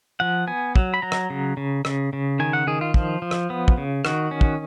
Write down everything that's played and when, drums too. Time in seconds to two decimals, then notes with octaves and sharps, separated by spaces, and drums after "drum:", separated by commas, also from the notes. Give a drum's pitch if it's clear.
0.20 F3 F#5
0.47 B3 G#5
0.76 F#3, drum: kick
0.94 B5
1.02 F#3 A#5
1.12 drum: rim click
1.30 C#3
1.57 C#3
1.85 C#3, drum: rim click
2.13 C#3
2.39 D#3 G#5
2.53 F#5
2.67 D#3 G#4
2.81 F4
2.94 F3, drum: kick
3.22 F3
3.31 drum: rim click
3.50 B3
3.68 drum: kick
3.78 C#3
4.05 D#3 F#4, drum: rim click
4.31 C#4
4.41 drum: kick